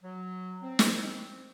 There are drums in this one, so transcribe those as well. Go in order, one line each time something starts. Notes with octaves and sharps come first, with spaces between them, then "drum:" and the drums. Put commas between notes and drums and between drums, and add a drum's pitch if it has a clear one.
F#3
C4
drum: snare